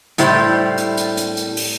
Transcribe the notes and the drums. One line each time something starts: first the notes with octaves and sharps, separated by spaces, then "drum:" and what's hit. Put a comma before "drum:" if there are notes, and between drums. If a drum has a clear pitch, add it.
A2 G3 E4 C5, drum: hi-hat
drum: hi-hat
drum: hi-hat
drum: hi-hat
drum: hi-hat
drum: open hi-hat